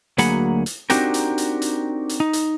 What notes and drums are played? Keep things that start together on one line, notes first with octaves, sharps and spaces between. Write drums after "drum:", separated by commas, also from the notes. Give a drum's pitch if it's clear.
D2 F#3 A#3 G#4 F#5 B5, drum: hi-hat
drum: hi-hat
C4 D4 D#4 F#4 G4 A#4, drum: hi-hat
drum: hi-hat
drum: hi-hat
drum: hi-hat
drum: hi-hat
D#4
drum: hi-hat